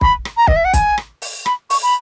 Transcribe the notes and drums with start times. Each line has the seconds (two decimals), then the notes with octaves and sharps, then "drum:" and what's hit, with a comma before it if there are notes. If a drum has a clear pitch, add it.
0.01 B5, drum: kick
0.25 drum: rim click
0.37 A#5
0.47 D#5, drum: kick
0.56 E5
0.65 F#5
0.73 G#5, drum: kick, hi-hat
0.98 drum: rim click
1.22 drum: open hi-hat
1.46 B5, drum: rim click
1.70 C#6, drum: open hi-hat
1.83 B5